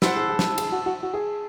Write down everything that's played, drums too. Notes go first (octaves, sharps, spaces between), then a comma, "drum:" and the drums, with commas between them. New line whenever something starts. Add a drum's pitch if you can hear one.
E4 F#4 A4 C5 F#5, drum: snare
G#4
G#4
drum: snare
G#4, drum: cymbal
F#4
F#4
F#4
G#4